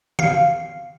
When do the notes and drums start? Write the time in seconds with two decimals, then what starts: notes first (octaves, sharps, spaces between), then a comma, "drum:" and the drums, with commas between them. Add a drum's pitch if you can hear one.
0.19 F5, drum: tom D#3